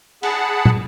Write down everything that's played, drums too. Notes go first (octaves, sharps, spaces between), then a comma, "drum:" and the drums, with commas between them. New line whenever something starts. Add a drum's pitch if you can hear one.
G#4 F#5 A5 B5, drum: cymbal
drum: tom